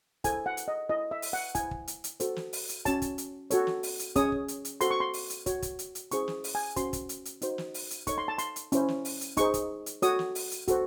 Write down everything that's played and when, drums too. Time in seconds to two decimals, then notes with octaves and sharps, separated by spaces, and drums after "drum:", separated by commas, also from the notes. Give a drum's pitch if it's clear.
0.24 E4 A4 C5 G#5, drum: kick, hi-hat
0.46 F#5
0.57 drum: hi-hat
0.68 D#5
0.89 E4 A4 C#5 D#5
1.11 E5
1.22 drum: open hi-hat
1.33 F#5
1.55 E4 C5 G#5, drum: kick, hi-hat
1.71 drum: kick
1.88 drum: hi-hat
2.04 drum: hi-hat
2.20 F#4 A4 C5, drum: hi-hat
2.36 drum: snare
2.53 drum: open hi-hat
2.69 drum: hi-hat
2.85 C#4 F#4 C#5 A5, drum: kick, hi-hat
3.02 drum: kick, hi-hat
3.18 drum: hi-hat
3.51 F#4 A4 C#5, drum: hi-hat
3.67 drum: snare
3.83 drum: open hi-hat
3.99 drum: hi-hat
4.15 C#4 G#4 C#5 D#6, drum: kick, hi-hat
4.32 drum: kick
4.48 drum: hi-hat
4.65 drum: hi-hat
4.81 F#4 A4 C5 C6, drum: hi-hat
4.91 C#6
5.00 C6
5.14 drum: open hi-hat
5.30 drum: hi-hat
5.46 F#4 C#5, drum: kick, hi-hat
5.62 drum: kick, hi-hat
5.79 drum: hi-hat
5.95 drum: hi-hat
6.11 C#4 E4 G#4 C5 C#6, drum: hi-hat
6.28 drum: snare
6.44 drum: open hi-hat
6.55 G#5
6.76 C#4 F#4 C5 C6, drum: kick, hi-hat
6.93 drum: kick, hi-hat
7.09 drum: hi-hat
7.25 drum: hi-hat
7.42 D#4 F#4 C5, drum: hi-hat
7.58 drum: snare
7.74 drum: open hi-hat
7.91 drum: hi-hat
8.07 D#4 A4 C#5 C#6, drum: kick, hi-hat
8.18 C6
8.28 A5
8.38 C6, drum: hi-hat
8.56 drum: hi-hat
8.72 C#4 E4 C5, drum: hi-hat
8.88 drum: snare
9.05 drum: open hi-hat
9.21 drum: hi-hat
9.37 D#4 G#4 C5 C#6, drum: kick, hi-hat
9.54 drum: kick, hi-hat
9.86 drum: hi-hat
10.02 F#4 A4 C#5 D#6, drum: hi-hat
10.19 drum: snare
10.35 drum: open hi-hat
10.51 drum: hi-hat
10.68 F#4 A4 C5, drum: kick, hi-hat